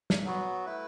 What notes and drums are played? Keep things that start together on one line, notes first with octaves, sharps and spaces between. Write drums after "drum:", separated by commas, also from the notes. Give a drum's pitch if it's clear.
drum: snare
F#3 B3 F#4
A3 E4 B4